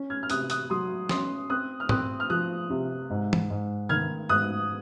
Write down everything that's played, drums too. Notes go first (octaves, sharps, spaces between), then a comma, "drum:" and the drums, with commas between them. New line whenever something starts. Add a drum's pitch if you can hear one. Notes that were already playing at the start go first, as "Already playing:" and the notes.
Already playing: C#4
F6 G#6
F6
C3 D#6 F#6, drum: hi-hat
D#6 F#6, drum: hi-hat
F#3 C6 D#6
C#4 C6 D#6, drum: snare
C4 D#6 F#6
F6
C4 D#6 F#6, drum: tom G#2
F6
F3 D#6 F#6
C3
G#2
drum: tom
G#2
D#3 F6 G#6
G#2 D#6 F#6